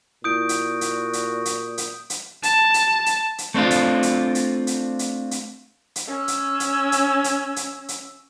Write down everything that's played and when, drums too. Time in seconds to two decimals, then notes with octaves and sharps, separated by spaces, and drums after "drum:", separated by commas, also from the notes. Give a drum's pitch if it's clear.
0.24 A#2 E4 F#4 D#6 G6 D7
0.49 drum: hi-hat
0.81 drum: hi-hat
1.13 drum: hi-hat
1.45 drum: hi-hat
1.78 drum: hi-hat
2.10 drum: hi-hat
2.43 A5, drum: hi-hat
2.74 drum: hi-hat
3.06 drum: hi-hat
3.38 drum: hi-hat
3.54 A3 C4 D4 F4
3.71 drum: hi-hat
4.03 drum: hi-hat
4.35 drum: hi-hat
4.67 drum: hi-hat
4.99 drum: hi-hat
5.31 drum: hi-hat
5.96 drum: hi-hat
6.07 C#4 E6
6.28 drum: hi-hat
6.60 drum: hi-hat
6.92 drum: hi-hat
7.24 drum: hi-hat
7.56 drum: hi-hat
7.88 drum: hi-hat